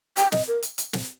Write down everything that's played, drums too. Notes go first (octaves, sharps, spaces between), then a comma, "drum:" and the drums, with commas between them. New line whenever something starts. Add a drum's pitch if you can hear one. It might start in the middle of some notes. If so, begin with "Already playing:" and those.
G5, drum: hi-hat
D#5, drum: snare
A#4
drum: hi-hat
drum: hi-hat
drum: snare